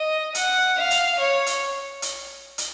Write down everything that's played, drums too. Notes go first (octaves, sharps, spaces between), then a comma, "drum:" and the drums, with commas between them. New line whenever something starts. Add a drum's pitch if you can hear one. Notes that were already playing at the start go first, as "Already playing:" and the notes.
Already playing: D#5
F#5, drum: hi-hat
F5
drum: hi-hat
C#5
drum: hi-hat
drum: hi-hat
drum: hi-hat